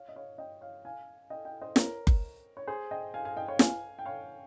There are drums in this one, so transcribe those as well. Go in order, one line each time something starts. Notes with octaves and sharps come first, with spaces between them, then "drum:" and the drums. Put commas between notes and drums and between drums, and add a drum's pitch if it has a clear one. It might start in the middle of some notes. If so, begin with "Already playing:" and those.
Already playing: C#5 F5
D#5
C#5 F5
D#5 G5
C#5 F5
F5 G#5
D#5 G5
D#5 G5
C5 D#5
A#4 C#5, drum: snare
drum: kick F#1
C#5
G#4 C5
D#5 G5
F5 G#5
F5 G#5
D#5 G5
C#5 F5
F5 G#5, drum: snare
G5
C#5 F5